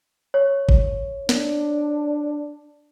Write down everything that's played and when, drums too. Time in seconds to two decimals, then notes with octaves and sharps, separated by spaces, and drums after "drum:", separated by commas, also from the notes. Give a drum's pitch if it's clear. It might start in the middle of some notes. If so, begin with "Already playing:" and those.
0.34 C#5
0.69 drum: kick
1.29 D4, drum: snare